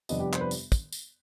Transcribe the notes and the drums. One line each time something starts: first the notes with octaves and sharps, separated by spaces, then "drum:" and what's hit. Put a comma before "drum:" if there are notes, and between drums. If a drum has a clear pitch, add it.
F2 C3 G3 B3 D4 D#5, drum: tambourine
G4
C5, drum: clap
B4
drum: tambourine
drum: kick, tambourine
drum: tambourine